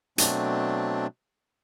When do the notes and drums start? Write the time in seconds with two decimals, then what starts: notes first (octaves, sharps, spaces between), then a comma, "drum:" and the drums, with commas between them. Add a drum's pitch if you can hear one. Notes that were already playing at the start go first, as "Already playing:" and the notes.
0.18 B2 F#3 A3 C4 D4, drum: hi-hat